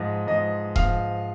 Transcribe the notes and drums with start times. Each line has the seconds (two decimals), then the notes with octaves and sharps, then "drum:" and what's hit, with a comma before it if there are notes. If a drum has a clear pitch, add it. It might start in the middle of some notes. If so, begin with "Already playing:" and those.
Already playing: G#2 F3 D#5
0.27 G#2 F3 D#5
0.76 G#2 F3 F5, drum: kick E1